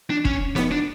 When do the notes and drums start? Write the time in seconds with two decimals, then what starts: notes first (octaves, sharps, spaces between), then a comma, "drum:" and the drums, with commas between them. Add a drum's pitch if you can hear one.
0.10 D4
0.25 C#4, drum: kick
0.56 B3, drum: snare
0.72 D4